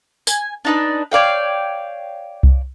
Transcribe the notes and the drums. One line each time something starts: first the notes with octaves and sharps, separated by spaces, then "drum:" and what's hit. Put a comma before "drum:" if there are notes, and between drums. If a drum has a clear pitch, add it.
G#5, drum: tambourine
D4 D#4 B4
C#5 D5 F5 G5
drum: kick C2